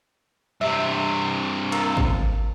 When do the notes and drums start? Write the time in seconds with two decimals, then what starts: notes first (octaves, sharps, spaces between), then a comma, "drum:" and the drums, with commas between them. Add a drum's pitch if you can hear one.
0.61 G2 C3 E5
1.72 A#3 F4 A4, drum: cymbal
1.97 drum: kick